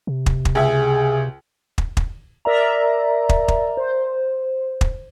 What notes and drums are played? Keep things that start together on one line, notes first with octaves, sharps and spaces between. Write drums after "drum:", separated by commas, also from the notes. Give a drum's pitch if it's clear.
C3
drum: kick
drum: kick
C#2 G#4 E5
drum: kick
drum: kick
A#4 D5 E5 A#5
drum: kick
drum: kick
C5
drum: kick